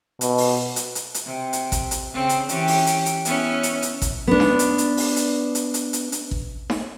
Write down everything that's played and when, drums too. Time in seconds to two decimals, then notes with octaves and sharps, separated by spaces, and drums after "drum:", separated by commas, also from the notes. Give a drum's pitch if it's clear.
0.21 B2, drum: hi-hat
0.38 drum: open hi-hat
0.76 drum: hi-hat
0.95 drum: hi-hat
1.14 drum: hi-hat
1.26 C3
1.53 drum: hi-hat
1.72 drum: kick, hi-hat
1.91 drum: hi-hat
2.13 C#3 C4
2.29 drum: hi-hat
2.49 E3 C#4 G4, drum: hi-hat
2.68 drum: open hi-hat
2.87 drum: hi-hat
3.06 drum: hi-hat
3.25 B3 C#4 E4, drum: hi-hat
3.63 drum: hi-hat
3.82 drum: hi-hat
4.02 drum: kick, hi-hat
4.27 B3 D4
4.40 drum: snare D#4
4.59 drum: hi-hat
4.78 drum: hi-hat
4.97 drum: open hi-hat
5.16 drum: hi-hat
5.55 drum: hi-hat
5.74 drum: hi-hat
5.93 drum: hi-hat
6.12 drum: hi-hat
6.31 drum: kick
6.70 drum: snare D#4